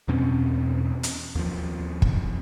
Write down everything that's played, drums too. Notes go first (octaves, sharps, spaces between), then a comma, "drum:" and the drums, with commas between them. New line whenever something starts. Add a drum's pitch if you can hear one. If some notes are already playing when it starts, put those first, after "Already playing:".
E2 B2 C4 C#4
drum: hi-hat
D#2 F3
drum: kick